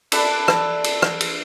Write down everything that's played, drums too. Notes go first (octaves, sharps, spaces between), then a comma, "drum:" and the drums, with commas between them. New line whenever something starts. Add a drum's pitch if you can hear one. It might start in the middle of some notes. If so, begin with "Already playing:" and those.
D4 A4 B4 E5, drum: cymbal
drum: rim click
drum: cymbal
drum: rim click
drum: cymbal